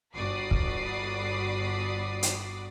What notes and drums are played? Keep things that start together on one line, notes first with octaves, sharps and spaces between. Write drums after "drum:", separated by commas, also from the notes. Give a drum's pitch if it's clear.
G1 F#4 D5 B5 D#6 C7
drum: kick
drum: hi-hat